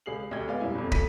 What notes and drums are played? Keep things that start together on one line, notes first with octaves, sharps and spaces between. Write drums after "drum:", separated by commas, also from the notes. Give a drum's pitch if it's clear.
C#2 G#4 C7 F#7
D2 G4 D#5 G#6
G#3 B3 D5 F5
E1 G3 C#4 E4 G#5
G1 F2
E1 F2 A3 B6 D#7, drum: kick